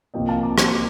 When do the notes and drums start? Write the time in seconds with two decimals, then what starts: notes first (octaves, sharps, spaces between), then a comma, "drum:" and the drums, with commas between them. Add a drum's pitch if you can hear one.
0.14 C2 C3 F3 A#3 D#5 G5
0.28 F5 A5
0.43 A#5 D6
0.58 C6, drum: rim click
0.68 D6